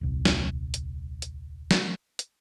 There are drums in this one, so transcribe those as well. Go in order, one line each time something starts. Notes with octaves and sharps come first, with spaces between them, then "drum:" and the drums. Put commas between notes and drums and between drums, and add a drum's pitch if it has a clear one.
D#1 C2
drum: snare
drum: hi-hat
drum: hi-hat
drum: snare
drum: hi-hat